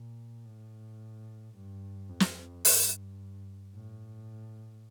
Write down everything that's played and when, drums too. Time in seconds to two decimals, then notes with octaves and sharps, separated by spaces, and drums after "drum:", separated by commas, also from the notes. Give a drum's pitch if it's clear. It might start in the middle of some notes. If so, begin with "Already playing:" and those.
Already playing: A#2
0.45 A2
1.55 G2
2.09 F2
2.20 drum: snare
2.65 G2, drum: open hi-hat
3.74 A2